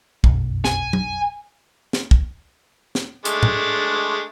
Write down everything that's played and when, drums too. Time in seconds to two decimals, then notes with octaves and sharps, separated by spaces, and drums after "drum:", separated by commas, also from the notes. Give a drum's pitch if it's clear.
0.24 F1 B1 F#2, drum: kick
0.65 G#5, drum: snare
0.93 drum: tom F#3
1.93 drum: snare
2.11 drum: kick
2.95 drum: snare
3.25 G#3 A3 D4, drum: hi-hat
3.43 drum: tom A2